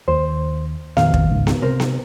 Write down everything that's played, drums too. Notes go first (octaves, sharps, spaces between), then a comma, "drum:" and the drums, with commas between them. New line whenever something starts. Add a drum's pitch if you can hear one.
D#2 C5
F2 A#2 D#3 F5, drum: snare B3
drum: kick
C#2 G#2
drum: snare B3
C3 A#4 C5
drum: snare B3